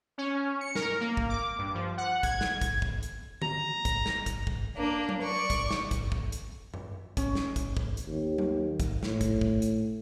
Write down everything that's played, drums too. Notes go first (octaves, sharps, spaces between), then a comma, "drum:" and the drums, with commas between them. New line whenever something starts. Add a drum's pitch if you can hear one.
C#4
C#7
A#4, drum: snare
A#3
drum: kick
D6
G2
F3
F#5
G#6, drum: kick, hi-hat
drum: snare
drum: kick, hi-hat
drum: kick
drum: hi-hat
A#5, drum: tom D3
drum: kick, hi-hat
drum: snare
drum: kick, hi-hat
drum: kick
A#3 D4
drum: tom F#3
D5 C#6
drum: kick, hi-hat
drum: snare
drum: kick, hi-hat
drum: kick
drum: hi-hat
drum: tom F#2
C#4, drum: kick, hi-hat
drum: snare
drum: kick, hi-hat
drum: kick
drum: hi-hat
D#2
drum: tom F#3
drum: kick, hi-hat
A2, drum: snare
drum: kick, hi-hat
drum: kick
drum: hi-hat